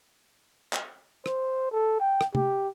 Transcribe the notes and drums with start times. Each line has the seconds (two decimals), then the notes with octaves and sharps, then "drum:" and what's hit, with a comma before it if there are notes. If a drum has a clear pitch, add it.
0.73 drum: clap
1.26 C5, drum: rim click
1.72 A4
2.00 G5
2.21 drum: rim click
2.35 G4, drum: tom C3